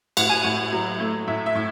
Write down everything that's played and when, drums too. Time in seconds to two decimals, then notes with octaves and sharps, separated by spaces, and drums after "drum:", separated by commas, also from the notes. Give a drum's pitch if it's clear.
0.17 A2 F#5, drum: cymbal
0.29 G#5
0.43 A2 F#5
0.72 F#3
1.00 A3
1.27 A2 E5
1.46 E5
1.55 A2